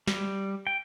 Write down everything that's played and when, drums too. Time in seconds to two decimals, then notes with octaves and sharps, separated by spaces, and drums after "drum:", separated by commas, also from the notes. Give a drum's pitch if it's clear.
0.07 G3, drum: snare
0.67 G5